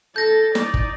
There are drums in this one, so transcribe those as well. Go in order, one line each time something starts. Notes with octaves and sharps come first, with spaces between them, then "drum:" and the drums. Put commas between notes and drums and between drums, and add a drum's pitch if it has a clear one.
A4 G6 A#6
D#4 D5, drum: snare
drum: kick